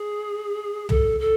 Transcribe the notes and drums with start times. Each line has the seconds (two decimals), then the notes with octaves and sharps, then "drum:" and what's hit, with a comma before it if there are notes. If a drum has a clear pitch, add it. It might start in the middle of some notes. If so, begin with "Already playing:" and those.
Already playing: G#4
0.89 A4, drum: tom
1.20 A4